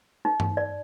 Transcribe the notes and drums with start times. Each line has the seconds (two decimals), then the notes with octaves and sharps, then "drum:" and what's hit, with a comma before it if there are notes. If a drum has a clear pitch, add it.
0.25 D#4
0.40 drum: tom G2
0.57 D5